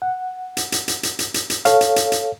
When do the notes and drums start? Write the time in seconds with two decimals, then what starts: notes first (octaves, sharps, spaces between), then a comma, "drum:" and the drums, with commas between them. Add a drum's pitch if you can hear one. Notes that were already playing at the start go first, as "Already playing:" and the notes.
0.02 F#5
0.57 drum: hi-hat
0.72 drum: hi-hat
0.88 drum: hi-hat
1.03 drum: hi-hat
1.19 drum: hi-hat
1.34 drum: hi-hat
1.50 drum: hi-hat
1.65 A4 C#5 F5, drum: hi-hat
1.81 drum: hi-hat
1.96 drum: hi-hat
2.12 drum: hi-hat